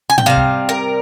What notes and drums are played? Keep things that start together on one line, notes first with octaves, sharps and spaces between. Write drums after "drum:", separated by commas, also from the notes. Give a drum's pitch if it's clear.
G#5
G5, drum: tom G#2
C3 G3 F5
drum: kick
A#4